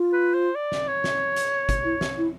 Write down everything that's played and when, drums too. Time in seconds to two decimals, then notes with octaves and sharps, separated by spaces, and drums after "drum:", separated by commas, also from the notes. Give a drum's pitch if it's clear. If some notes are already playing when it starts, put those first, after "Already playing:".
Already playing: F4
0.13 B4
0.34 C5
0.55 D5
0.72 drum: snare
0.88 C#5
1.04 drum: snare
1.36 drum: hi-hat
1.69 drum: kick, hi-hat
1.84 E4
2.01 drum: snare
2.18 E4